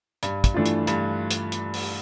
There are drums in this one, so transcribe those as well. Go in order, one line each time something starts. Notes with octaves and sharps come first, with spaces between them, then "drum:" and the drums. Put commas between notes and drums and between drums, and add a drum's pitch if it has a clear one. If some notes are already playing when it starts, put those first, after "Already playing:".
G2, drum: hi-hat
drum: kick, hi-hat
E3 A3 D4 F4
drum: hi-hat
G2, drum: hi-hat
drum: hi-hat
drum: hi-hat
drum: open hi-hat